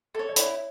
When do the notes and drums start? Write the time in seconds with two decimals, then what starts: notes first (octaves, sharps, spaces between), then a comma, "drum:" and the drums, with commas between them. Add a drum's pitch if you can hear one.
0.15 A4 C#5
0.29 D5
0.36 E4 C#5, drum: hi-hat